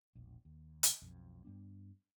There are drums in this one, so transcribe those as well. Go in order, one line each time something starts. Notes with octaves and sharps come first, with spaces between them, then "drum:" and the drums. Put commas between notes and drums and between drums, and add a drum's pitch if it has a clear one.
E1 A#1
D#2
drum: hi-hat
B1 F2
G2 G3 B3 D4